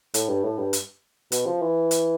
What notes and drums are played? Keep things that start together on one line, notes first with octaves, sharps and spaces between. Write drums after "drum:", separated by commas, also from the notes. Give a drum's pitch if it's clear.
A2, drum: hi-hat
G2
A2
G2
drum: hi-hat
B2, drum: hi-hat
F3
E3
drum: hi-hat